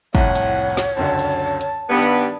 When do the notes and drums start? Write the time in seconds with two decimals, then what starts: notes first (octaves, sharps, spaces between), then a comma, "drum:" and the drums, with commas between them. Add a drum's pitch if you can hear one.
0.15 C2 F2 A2 C#5 F#5, drum: kick
0.35 drum: hi-hat
0.77 drum: snare
0.97 C#2 F#2 D3 A5
1.19 drum: hi-hat
1.61 drum: hi-hat
1.90 G2 D#3 B3 D4 G#6
2.02 drum: hi-hat